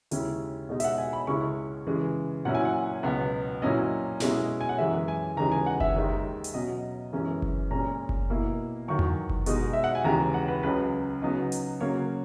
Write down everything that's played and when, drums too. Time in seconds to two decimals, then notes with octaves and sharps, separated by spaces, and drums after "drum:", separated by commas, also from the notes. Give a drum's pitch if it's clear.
0.11 D#2 C#3 G#3 C#4 E4, drum: hi-hat
0.69 B2 G#3 D#4
0.80 E5, drum: hi-hat
0.84 F#5
0.98 G#5
1.13 B5
1.27 C#2 C#3 G#3 C#4 E4 C#6
1.87 C#3 E3 G#3
2.45 A#2 F#3 C#4 E4 F#5
2.55 G#5
2.65 F#5
3.03 C#2 B2 F#3 B3
3.62 A#2 F#3 C#4 E4 D#5
4.20 B2 G#3 C#4 E4, drum: snare
4.61 G#5
4.69 F#5
4.78 F#2 E3 G#3 E5
5.08 G#5
5.37 D#2 C#3 E3 G#3 D#4 A#5
5.52 G#5
5.66 F#5
5.80 E5, drum: kick F#1
5.96 D#2 D#3 G#3 D#4
6.44 drum: hi-hat
6.54 B2 F#3 C#4 D#5
7.12 F#2 E3 G#3 C#4
7.42 drum: kick F#1
7.71 A#2 G#3 C#4 A#5
8.09 drum: kick F#1
8.30 B2 A#3 E4
8.88 E2 D#3 F#3 C#6
8.99 drum: tom E2
9.29 drum: kick F#1
9.46 B2 G#3 D#4, drum: hi-hat
9.73 E5
9.84 F#5
9.95 G#5
10.04 D#2 C#3 E3 G#3 A#5
10.34 F#5
10.48 B4
10.63 C#2 C#3 F#3 B4
11.22 C#3 F#3 B3 D#4
11.52 drum: hi-hat
11.81 C#3 F#3 A#3 C#5